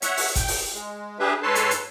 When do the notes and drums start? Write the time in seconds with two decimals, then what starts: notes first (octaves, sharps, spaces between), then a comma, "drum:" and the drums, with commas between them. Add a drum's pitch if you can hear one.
0.02 C#5 E5 F#5, drum: hi-hat
0.17 drum: open hi-hat
0.36 G5, drum: kick F#1, hi-hat
0.48 drum: open hi-hat
0.73 G#3
1.19 D4 G4 G#4 B4 E5
1.43 G#2 A4 B4 C#5 A5 C6
1.55 drum: hi-hat
1.71 drum: hi-hat